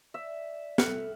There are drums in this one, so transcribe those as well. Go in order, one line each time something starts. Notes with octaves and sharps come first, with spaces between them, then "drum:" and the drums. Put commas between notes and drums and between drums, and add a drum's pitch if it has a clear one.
D5 E5
A4 F6 F#6 C#7, drum: snare